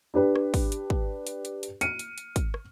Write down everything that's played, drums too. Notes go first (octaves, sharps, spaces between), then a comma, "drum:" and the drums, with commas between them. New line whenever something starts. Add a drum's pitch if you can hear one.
D4 G4 B4
drum: rim click
drum: kick, open hi-hat
drum: hi-hat
drum: kick
drum: hi-hat
drum: hi-hat
drum: hi-hat
F6 C#7 D#7, drum: hi-hat
drum: hi-hat
drum: hi-hat
drum: kick, hi-hat
drum: rim click